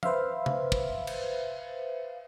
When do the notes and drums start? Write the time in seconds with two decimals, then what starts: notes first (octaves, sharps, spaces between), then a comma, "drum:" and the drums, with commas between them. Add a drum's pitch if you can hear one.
0.03 B4 C5 E5 F5, drum: tom F3
0.46 drum: tom C3
0.72 drum: kick
1.07 drum: cymbal